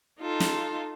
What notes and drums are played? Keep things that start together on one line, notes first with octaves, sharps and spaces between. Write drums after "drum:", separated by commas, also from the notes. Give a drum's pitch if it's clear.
D#4 F4 A4
drum: snare